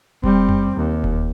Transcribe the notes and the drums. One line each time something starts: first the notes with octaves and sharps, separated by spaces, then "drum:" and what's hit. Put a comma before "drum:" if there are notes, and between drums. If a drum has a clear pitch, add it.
G3 C4, drum: kick E1
drum: tom F2
D#2
drum: kick E1